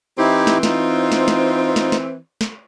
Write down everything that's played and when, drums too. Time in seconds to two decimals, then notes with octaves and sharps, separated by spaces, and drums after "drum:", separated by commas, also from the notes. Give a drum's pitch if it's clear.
0.18 E3 C4 D#4 E4 G4
0.47 drum: snare
0.63 D#4 F4, drum: snare
1.12 drum: snare
1.28 drum: snare
1.76 drum: snare
1.92 drum: snare
2.41 drum: snare